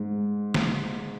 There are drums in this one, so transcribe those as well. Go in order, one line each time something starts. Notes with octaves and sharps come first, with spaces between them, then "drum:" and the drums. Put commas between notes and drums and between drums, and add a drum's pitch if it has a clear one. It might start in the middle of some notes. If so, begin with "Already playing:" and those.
Already playing: G#2
drum: snare